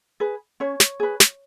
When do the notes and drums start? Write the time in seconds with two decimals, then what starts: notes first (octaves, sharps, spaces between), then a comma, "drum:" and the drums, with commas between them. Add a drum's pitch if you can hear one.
0.20 G#4 B4
0.60 C#4 C#5
0.80 drum: snare
1.00 G#4 B4
1.20 drum: snare